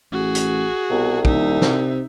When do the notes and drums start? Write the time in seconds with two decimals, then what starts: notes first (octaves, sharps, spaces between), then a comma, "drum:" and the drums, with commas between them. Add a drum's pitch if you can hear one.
0.12 A1 F#4 G#4
0.35 drum: hi-hat
0.90 C2 B2
1.25 D#1 D#4 E5, drum: kick
1.62 C3, drum: snare